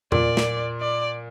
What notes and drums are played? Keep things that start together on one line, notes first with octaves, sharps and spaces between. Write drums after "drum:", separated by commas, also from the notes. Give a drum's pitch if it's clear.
A#2 D5, drum: tom E2
drum: snare
D5